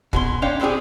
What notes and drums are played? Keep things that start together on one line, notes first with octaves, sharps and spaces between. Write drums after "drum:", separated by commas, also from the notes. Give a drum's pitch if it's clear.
B2 G#4 C6, drum: kick
C#4 D4 C#5 F5 G5
A2 C4 D4 G4 G#4